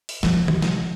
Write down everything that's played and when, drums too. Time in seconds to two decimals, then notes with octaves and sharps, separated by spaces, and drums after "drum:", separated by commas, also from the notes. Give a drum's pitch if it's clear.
0.09 drum: open hi-hat
0.23 C3 F3, drum: snare
0.48 drum: tom D#3
0.62 drum: snare